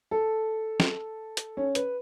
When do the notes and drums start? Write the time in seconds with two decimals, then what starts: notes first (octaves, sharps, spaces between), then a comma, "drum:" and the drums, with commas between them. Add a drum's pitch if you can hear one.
0.11 A4
0.80 drum: snare
1.37 drum: hi-hat
1.57 C#4
1.75 B4, drum: hi-hat